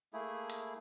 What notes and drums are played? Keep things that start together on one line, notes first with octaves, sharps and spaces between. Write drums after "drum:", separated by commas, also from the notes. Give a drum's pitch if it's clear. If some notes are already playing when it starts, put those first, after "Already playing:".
A3 A#3 E4 G#4
drum: hi-hat